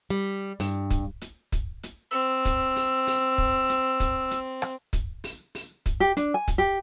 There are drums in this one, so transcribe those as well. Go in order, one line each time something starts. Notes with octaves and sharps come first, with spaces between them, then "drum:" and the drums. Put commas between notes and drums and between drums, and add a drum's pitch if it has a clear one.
G3
G2, drum: open hi-hat
drum: kick, hi-hat
drum: hi-hat
drum: kick, hi-hat
drum: hi-hat
C4 E6
drum: kick, hi-hat
drum: open hi-hat
drum: open hi-hat
drum: kick
drum: hi-hat
drum: kick, hi-hat
drum: hi-hat
drum: rim click
drum: kick, hi-hat
drum: open hi-hat
drum: open hi-hat
drum: kick, hi-hat
G4
D4, drum: hi-hat
G#5
drum: kick, hi-hat
G4